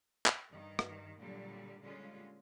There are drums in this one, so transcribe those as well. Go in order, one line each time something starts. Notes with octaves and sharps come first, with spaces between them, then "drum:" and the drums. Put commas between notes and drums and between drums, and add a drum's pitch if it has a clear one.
drum: clap
G2 D#3
drum: rim click
A#2 D3 F#3 G3
A#2 D3 G3 G#3 C#4 F4